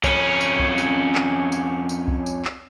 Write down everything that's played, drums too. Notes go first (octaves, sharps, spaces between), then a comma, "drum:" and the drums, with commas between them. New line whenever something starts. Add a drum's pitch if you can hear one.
F2 C#4, drum: kick C2, tambourine
drum: tambourine
drum: kick C2
drum: tambourine
drum: clap
drum: tambourine
drum: tambourine
drum: kick C2
drum: tambourine
drum: clap